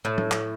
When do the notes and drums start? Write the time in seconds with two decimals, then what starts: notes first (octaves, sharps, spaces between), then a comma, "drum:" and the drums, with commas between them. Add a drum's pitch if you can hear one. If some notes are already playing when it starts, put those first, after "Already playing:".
0.05 A2
0.18 drum: tom F#3
0.31 drum: clap